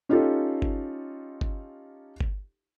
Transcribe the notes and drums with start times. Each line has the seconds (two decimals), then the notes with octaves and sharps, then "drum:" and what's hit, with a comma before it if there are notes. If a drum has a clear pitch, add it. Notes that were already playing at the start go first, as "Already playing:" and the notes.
0.09 C#4 D#4 F4 G4 A4
0.62 drum: kick G1
1.41 drum: kick G1
2.21 drum: kick G1